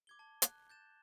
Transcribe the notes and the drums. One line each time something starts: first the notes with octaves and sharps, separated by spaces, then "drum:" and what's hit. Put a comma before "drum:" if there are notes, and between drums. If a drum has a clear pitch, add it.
D6 G#6 G7
A5
F#6, drum: hi-hat
G6 A6 E7